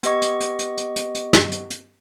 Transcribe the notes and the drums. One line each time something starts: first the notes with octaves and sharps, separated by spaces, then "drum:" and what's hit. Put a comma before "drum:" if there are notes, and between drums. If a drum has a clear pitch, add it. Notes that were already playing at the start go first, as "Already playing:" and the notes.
B3 G4 D#5 C#6, drum: hi-hat
drum: hi-hat
drum: hi-hat
drum: hi-hat
drum: hi-hat
drum: hi-hat
drum: hi-hat
drum: snare
drum: hi-hat
drum: hi-hat